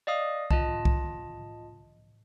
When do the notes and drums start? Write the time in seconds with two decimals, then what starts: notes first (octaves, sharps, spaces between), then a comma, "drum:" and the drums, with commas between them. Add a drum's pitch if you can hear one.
0.07 D5 D#5 F5 D#6
0.51 F4 D#5 A5, drum: kick
0.85 drum: kick